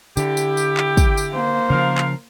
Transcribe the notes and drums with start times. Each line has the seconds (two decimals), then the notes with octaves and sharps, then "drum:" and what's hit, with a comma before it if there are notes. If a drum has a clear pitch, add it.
0.17 D3 E4 G4, drum: tambourine
0.37 drum: tambourine
0.57 drum: tambourine
0.77 drum: clap
0.97 drum: kick, tambourine
1.17 drum: tambourine
1.32 A#3 C5
1.70 C#3 F3 A#4 F5
1.98 drum: clap